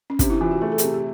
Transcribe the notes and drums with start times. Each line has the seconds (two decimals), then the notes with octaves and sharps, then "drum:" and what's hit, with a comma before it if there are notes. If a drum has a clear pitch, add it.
0.10 C#4
0.19 C3 D4, drum: kick, hi-hat
0.30 E4
0.41 E3 F4
0.51 F#4
0.61 A3 G#4
0.72 A4
0.78 G#4, drum: hi-hat
0.83 C3 G4
0.94 G4